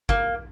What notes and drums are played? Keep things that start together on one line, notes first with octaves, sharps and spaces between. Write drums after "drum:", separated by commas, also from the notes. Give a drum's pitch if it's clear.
A#3, drum: kick